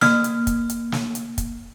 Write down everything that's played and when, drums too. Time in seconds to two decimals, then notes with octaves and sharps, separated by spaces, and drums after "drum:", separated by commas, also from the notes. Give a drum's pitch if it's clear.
0.01 A#3 F6, drum: snare
0.24 drum: hi-hat
0.47 drum: kick, hi-hat
0.70 drum: hi-hat
0.92 drum: snare
1.15 drum: hi-hat
1.38 drum: kick, hi-hat